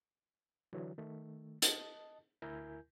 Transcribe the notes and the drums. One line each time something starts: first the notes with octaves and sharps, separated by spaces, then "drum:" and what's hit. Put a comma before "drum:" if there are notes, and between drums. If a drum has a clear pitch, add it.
D3 E3 F#3
D#3 A3
D#5 A5, drum: hi-hat
D2 E4 A#4 G#5 G6